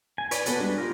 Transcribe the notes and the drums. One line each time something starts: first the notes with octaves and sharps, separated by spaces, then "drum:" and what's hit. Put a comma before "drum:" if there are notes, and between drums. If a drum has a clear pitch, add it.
G#5
B4 C#5 D5 G#5, drum: hi-hat
B3 F#4 A4 B4, drum: hi-hat
G3 G#3 D4
F4 G4 A#4